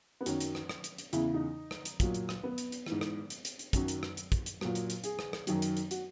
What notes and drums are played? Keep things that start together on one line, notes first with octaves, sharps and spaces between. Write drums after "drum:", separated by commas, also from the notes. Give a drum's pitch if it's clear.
B3
F#2 D#3 F#3 C#4, drum: hi-hat
drum: hi-hat
drum: rim click
drum: rim click
drum: hi-hat
drum: hi-hat
E2 C#3 E3 E4, drum: hi-hat
D#4
drum: rim click
drum: hi-hat
A#2 F#3, drum: kick, hi-hat
drum: hi-hat
drum: rim click
B3
drum: hi-hat
drum: hi-hat
E3, drum: rim click
G#2
drum: rim click
drum: hi-hat
drum: hi-hat
drum: hi-hat
F#2 D#3 F#3 C#4, drum: kick, hi-hat
drum: hi-hat
drum: rim click
drum: hi-hat
drum: kick, hi-hat
drum: hi-hat
A#2 F#3, drum: rim click
drum: hi-hat
drum: hi-hat
G#4, drum: hi-hat
drum: rim click
drum: rim click
F#2 D#3 F#3, drum: hi-hat
drum: hi-hat
drum: hi-hat
F#4, drum: hi-hat